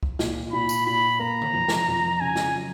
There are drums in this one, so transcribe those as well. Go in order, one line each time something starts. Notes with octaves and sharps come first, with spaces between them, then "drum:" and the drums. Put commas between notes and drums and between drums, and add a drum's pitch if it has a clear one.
drum: kick
A#2, drum: snare
A#2 B5
drum: tambourine
A#2 B5
A#3 A#5
drum: tom D3
F2
drum: snare
F2
C#3 G#5
drum: snare
F#3